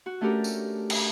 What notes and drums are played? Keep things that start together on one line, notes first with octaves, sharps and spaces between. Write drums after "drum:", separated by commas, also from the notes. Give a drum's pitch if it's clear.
F#4
A3 C#4 D4 G4 A4 A#4
drum: tambourine
drum: cymbal